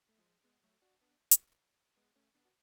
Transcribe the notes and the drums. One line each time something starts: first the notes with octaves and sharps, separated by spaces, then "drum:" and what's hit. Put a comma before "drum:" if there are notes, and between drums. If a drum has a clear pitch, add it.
A3
F3 G#3
G#3 B3
F#3 A3
D4 F#4
B3 D4
drum: hi-hat
G#3 B3
A3 C#4
B3 D4
F#4